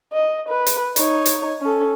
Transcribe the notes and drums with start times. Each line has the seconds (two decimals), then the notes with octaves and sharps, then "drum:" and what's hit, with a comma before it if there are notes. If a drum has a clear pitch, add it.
0.13 D#5
0.48 B4
0.66 drum: hi-hat
0.96 D#4 C#5, drum: hi-hat
1.26 drum: hi-hat
1.61 C#4 A4